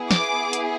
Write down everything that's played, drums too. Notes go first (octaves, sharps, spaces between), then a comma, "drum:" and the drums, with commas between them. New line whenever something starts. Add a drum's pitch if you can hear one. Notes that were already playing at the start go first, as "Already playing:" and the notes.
Already playing: B3 E4 G#4
D6, drum: snare
drum: hi-hat